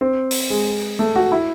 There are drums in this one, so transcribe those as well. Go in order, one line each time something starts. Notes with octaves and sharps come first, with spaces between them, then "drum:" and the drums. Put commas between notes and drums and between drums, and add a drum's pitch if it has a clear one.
C4
drum: open hi-hat
G#3
A3
F#4
E4